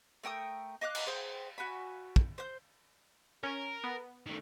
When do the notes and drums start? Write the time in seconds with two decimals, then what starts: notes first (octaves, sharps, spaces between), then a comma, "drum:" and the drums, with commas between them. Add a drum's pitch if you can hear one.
0.24 A3 A#4 G5 D#6
0.81 D#5 F5 D6 F#6
0.95 drum: cymbal
1.06 G#4 C5 G5
1.58 F#4 G#5 B5
2.16 drum: kick
2.38 C5 G6
3.43 C#4 A#4
3.84 B3
4.26 D#3 A3